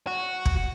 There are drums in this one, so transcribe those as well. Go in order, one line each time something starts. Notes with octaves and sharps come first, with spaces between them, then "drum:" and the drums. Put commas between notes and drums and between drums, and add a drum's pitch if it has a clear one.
F#4
drum: kick